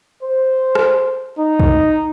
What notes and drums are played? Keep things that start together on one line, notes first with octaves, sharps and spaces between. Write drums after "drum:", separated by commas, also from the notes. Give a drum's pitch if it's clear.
C5
drum: rim click
D#4
drum: kick